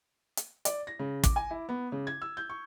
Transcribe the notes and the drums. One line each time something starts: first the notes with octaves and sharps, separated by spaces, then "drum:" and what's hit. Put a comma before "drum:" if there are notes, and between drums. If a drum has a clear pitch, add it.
drum: hi-hat
D5, drum: hi-hat
A#6
C#3
D6, drum: kick, hi-hat
G#5
E4
B3
C#3
G#6
E6
G6
C#6